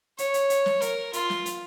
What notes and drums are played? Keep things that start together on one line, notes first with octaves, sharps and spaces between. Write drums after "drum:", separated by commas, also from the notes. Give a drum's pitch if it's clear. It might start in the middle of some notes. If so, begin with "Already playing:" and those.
C#5, drum: hi-hat
drum: hi-hat
drum: hi-hat
drum: snare
A#4, drum: hi-hat
F4, drum: hi-hat
drum: snare
drum: hi-hat